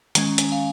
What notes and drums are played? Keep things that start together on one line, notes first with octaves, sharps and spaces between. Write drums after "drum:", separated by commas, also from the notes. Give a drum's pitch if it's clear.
D#3 G#3 C#4 A#5, drum: hi-hat
G#5, drum: hi-hat
F5